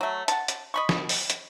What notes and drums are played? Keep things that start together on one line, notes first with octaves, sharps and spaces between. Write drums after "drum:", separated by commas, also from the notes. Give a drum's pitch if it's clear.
F#3 A3
F#5 A5, drum: hi-hat
drum: hi-hat
D#5 B5 C#6
drum: snare
drum: open hi-hat
drum: hi-hat